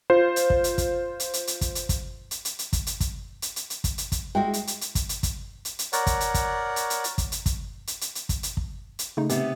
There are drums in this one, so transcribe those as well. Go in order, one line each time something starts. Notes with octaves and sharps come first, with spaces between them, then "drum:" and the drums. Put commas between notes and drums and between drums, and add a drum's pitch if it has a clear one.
F4 C5
drum: hi-hat
drum: kick
drum: hi-hat
drum: kick, hi-hat
drum: hi-hat
drum: hi-hat
drum: hi-hat
drum: kick, hi-hat
drum: hi-hat
drum: kick, hi-hat
drum: hi-hat
drum: hi-hat
drum: hi-hat
drum: kick, hi-hat
drum: hi-hat
drum: kick, hi-hat
drum: hi-hat
drum: hi-hat
drum: hi-hat
drum: kick, hi-hat
drum: hi-hat
drum: kick, hi-hat
G#3 E4 F#4 G5
drum: hi-hat
drum: hi-hat
drum: hi-hat
drum: kick, hi-hat
drum: hi-hat
drum: kick, hi-hat
drum: hi-hat
drum: hi-hat
A#4 C#5 D5 F#5, drum: hi-hat
drum: kick, hi-hat
drum: hi-hat
drum: kick, hi-hat
drum: hi-hat
drum: hi-hat
drum: hi-hat
drum: kick, hi-hat
drum: hi-hat
drum: kick, hi-hat
drum: hi-hat
drum: hi-hat
drum: hi-hat
drum: kick, hi-hat
drum: hi-hat
drum: kick
drum: hi-hat
C#3 A3 D#4
C3 B3 G4, drum: hi-hat